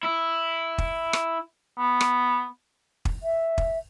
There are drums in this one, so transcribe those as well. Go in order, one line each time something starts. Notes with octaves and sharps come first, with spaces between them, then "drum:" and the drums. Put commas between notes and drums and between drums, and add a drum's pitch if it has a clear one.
E4
drum: kick
drum: rim click
B3
drum: rim click
drum: kick
E5
drum: kick